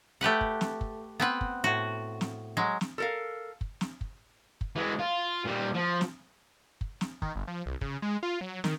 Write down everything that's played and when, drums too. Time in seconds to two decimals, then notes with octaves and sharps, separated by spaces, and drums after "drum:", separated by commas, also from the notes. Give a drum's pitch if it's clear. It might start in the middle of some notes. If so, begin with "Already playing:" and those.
0.21 A3 G4 B4 F#5
0.41 drum: kick
0.61 drum: snare
0.81 drum: kick
1.20 B3 C4 B4
1.41 drum: kick
1.64 A2 F#4
2.21 drum: snare
2.57 F#3 G#3
2.81 drum: snare
2.98 A4 A#4 F5
3.61 drum: kick
3.81 drum: snare
4.01 drum: kick
4.61 drum: kick
4.76 E3 G#3
5.00 F4
5.46 A#2 G3
5.75 F3
6.01 drum: snare
6.81 drum: kick
7.01 drum: snare
7.22 D#3, drum: kick
7.36 G1
7.48 F3
7.66 C2
7.81 C#3, drum: kick
8.02 G#3
8.23 F4
8.41 F#3
8.64 D#3, drum: snare